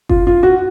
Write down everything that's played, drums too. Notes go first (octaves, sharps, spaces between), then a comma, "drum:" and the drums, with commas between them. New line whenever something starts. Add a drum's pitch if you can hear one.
F4, drum: kick F#1
F4
F#4